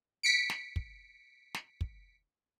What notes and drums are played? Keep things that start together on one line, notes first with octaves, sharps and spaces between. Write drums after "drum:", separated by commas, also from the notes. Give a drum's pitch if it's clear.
B6 C#7 D7
drum: snare
drum: kick
drum: snare
drum: kick